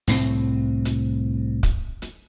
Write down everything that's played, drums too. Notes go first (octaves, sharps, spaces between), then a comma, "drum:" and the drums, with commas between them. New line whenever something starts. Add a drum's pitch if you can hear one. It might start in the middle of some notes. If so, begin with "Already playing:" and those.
C2 A2 E3 C4, drum: open hi-hat
drum: hi-hat
drum: kick, hi-hat
drum: hi-hat